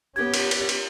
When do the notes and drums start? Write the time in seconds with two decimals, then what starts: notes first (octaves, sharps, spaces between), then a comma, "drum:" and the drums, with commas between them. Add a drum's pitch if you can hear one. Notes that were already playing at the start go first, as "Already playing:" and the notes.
0.16 B3 C#4 G4 G#6
0.34 drum: cymbal
0.51 drum: cymbal
0.69 drum: cymbal